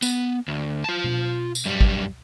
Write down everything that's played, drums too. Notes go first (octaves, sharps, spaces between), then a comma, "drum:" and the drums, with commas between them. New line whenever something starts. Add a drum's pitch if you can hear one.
B3, drum: tambourine
D2
F4 A5
drum: tom B2
drum: tambourine
F#2 G3
drum: kick G#1